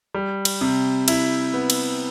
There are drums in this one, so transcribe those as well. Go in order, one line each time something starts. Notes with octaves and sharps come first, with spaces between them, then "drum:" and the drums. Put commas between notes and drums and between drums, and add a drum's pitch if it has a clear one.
G3
drum: cymbal
C3
E4, drum: cymbal
B3
drum: cymbal